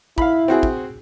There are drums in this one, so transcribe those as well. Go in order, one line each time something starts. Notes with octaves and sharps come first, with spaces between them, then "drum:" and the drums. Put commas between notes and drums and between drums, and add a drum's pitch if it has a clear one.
E4 F5 B5, drum: kick
C4 F#4 G#4
drum: kick